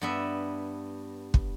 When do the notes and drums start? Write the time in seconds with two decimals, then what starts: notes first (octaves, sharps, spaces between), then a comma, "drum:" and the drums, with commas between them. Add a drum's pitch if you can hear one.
0.02 G2 B3 E5
1.34 drum: kick